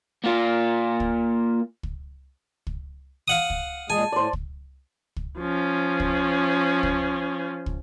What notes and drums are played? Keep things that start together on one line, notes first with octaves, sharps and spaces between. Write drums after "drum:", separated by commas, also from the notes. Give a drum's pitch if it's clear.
A#3 F4
drum: kick
drum: kick
drum: kick
F5 F#5 D#6
drum: kick
A#2 G#3 G#4 G#5 A5
A2 C5 D5
drum: kick
drum: kick
F3 C#4
drum: kick
drum: kick
drum: kick